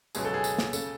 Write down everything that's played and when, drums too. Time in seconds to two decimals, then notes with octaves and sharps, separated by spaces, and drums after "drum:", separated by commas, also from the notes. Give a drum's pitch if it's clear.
0.15 C#2 B2 F#3 G#4, drum: tambourine
0.25 A4
0.34 G#4
0.44 drum: tambourine
0.59 drum: snare
0.73 C#3 A4, drum: tambourine